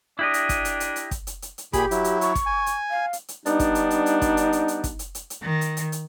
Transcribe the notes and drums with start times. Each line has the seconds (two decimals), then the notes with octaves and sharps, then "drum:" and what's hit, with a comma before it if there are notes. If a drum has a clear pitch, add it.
0.19 D4 E4 G4 D#5
0.34 drum: hi-hat
0.49 drum: kick, hi-hat
0.65 drum: hi-hat
0.80 drum: hi-hat
0.96 drum: hi-hat
1.11 drum: kick, hi-hat
1.27 drum: hi-hat
1.42 drum: hi-hat
1.58 drum: hi-hat
1.73 A#2 G4 G#4 B5, drum: kick, hi-hat
1.91 F#3 E4, drum: hi-hat
2.04 drum: hi-hat
2.21 C#6, drum: hi-hat
2.35 drum: kick, hi-hat
2.46 G#5
2.66 drum: hi-hat
2.90 F5
3.13 drum: hi-hat
3.28 drum: hi-hat
3.46 G3 B3 D4 D#4, drum: hi-hat
3.60 drum: kick, hi-hat
3.75 drum: hi-hat
3.91 drum: hi-hat
4.06 drum: hi-hat
4.22 drum: kick, hi-hat
4.37 drum: hi-hat
4.53 drum: hi-hat
4.68 drum: hi-hat
4.84 drum: kick, hi-hat
4.99 drum: hi-hat
5.15 drum: hi-hat
5.30 drum: hi-hat
5.42 D#3
5.61 drum: hi-hat
5.77 drum: hi-hat
5.92 drum: hi-hat